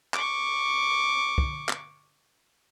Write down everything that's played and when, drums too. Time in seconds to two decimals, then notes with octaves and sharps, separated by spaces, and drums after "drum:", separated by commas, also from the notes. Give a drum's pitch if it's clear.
0.14 C#6 D6, drum: clap
1.38 drum: kick
1.69 drum: clap